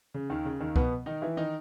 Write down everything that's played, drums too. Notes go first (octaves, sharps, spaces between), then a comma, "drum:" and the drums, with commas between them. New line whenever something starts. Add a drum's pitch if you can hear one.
C#3
D#2 D#3
C#3
D#2 D#3
B2 B3, drum: kick C2
D#3 D#4
E3 E4
D#3 D#4